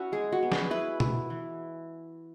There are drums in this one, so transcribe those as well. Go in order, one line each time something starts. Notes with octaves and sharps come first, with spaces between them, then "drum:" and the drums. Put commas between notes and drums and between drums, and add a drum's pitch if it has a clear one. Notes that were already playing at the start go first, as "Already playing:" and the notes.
Already playing: C#4 E4 F#4 E5
G#3 G#4
F#4
B3
G#4, drum: snare
E4 B4
E4, drum: tom B2
E3